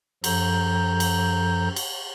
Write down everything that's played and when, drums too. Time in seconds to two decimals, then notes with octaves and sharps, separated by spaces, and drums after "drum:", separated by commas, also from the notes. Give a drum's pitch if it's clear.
0.24 F#2 F3 A4 A#5 G6, drum: cymbal
1.00 drum: cymbal
1.76 drum: cymbal